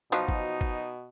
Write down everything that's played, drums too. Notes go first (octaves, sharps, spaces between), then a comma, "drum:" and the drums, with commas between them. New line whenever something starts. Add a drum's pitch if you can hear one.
B2 F3 F#3 D#4
drum: kick
drum: kick